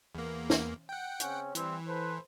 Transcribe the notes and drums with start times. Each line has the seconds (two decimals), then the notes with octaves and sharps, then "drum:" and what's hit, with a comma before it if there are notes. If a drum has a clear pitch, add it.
0.15 E2 A#3
0.50 drum: snare
0.89 F#5 G5
1.20 C#3 C4 C#4, drum: hi-hat
1.55 G2 E3 C4, drum: hi-hat
1.87 A4 B4 C5